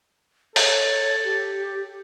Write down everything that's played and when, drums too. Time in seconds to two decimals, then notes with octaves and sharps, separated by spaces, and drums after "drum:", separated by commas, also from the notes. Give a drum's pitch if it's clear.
0.56 A4 C#5, drum: open hi-hat
1.24 G4